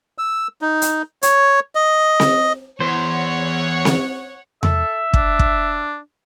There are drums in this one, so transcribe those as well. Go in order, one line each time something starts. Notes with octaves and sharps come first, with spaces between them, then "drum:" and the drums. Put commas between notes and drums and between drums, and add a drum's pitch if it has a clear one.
E6
D#4
drum: hi-hat
C#5, drum: hi-hat
D#5
drum: snare C4
E2 C5 C#5 F#5
drum: snare C4
A4 E5, drum: tom E2
D4, drum: kick
drum: kick